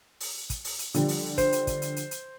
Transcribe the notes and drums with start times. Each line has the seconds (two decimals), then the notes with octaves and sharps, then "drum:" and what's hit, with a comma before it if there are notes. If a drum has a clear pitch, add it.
0.20 drum: open hi-hat
0.50 drum: kick, hi-hat
0.64 drum: open hi-hat
0.79 drum: hi-hat
0.94 D3 F3 G3, drum: hi-hat
1.08 drum: open hi-hat
1.38 C5, drum: kick, hi-hat
1.52 drum: hi-hat
1.67 drum: kick, hi-hat
1.82 drum: hi-hat
1.96 drum: hi-hat
2.11 drum: hi-hat